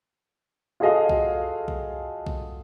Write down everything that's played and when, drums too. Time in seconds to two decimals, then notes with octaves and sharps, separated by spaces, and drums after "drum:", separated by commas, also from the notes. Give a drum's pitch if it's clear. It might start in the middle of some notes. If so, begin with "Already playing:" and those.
0.80 F4 F#4 G#4 A4 D#5 F5
1.09 drum: kick B1
1.68 drum: kick B1
2.26 drum: kick B1